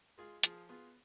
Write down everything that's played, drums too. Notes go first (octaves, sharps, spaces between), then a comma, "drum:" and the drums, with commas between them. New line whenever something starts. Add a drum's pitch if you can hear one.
G#3 F4 G#4
F3 F4 G#4, drum: hi-hat
B3 F4 G#4